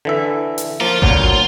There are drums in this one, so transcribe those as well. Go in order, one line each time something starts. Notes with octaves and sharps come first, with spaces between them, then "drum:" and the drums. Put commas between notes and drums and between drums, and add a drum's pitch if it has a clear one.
D3 E3 E5
drum: hi-hat
F3 A#3 F4
D2 A#2 F#3, drum: kick G#1